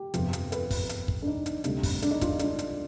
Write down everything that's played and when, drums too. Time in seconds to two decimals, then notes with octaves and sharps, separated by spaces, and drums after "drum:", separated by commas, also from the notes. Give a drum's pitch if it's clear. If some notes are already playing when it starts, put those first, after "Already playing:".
Already playing: G4
0.14 G1 F2 C3 F3 B3, drum: hi-hat
0.33 drum: hi-hat
0.52 B4, drum: hi-hat
0.71 drum: kick, open hi-hat
0.89 drum: hi-hat
1.08 drum: kick
1.22 D4
1.27 D#4
1.46 drum: hi-hat
1.64 D2 C3 G3 C4, drum: hi-hat
1.83 drum: kick, open hi-hat
2.02 D4, drum: hi-hat
2.11 D#4
2.21 F4, drum: kick, hi-hat
2.30 D#4
2.39 D4, drum: hi-hat
2.59 drum: hi-hat